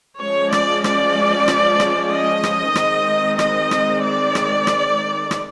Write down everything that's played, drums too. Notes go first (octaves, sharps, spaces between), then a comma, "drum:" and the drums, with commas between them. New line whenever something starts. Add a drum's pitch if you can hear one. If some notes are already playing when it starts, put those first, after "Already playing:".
F3 G#3 C#4 C#5
D5, drum: rim click
D5, drum: rim click
drum: rim click
drum: rim click
D#5
drum: rim click
D#3 G#3 C4, drum: rim click
D#5, drum: rim click
drum: rim click
D5
drum: rim click
drum: rim click
drum: rim click